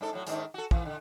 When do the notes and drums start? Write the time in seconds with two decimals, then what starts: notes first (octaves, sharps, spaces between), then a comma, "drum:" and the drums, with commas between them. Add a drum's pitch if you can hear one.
0.01 G#2 D4 A4
0.13 A2 F#3
0.27 G#2 D#3 D4, drum: hi-hat
0.54 F#4 A4
0.71 E3, drum: kick
0.85 D3